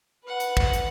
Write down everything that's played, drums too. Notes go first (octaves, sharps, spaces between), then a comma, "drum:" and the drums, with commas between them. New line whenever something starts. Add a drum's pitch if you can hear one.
B4 F#5
drum: hi-hat
drum: kick
drum: hi-hat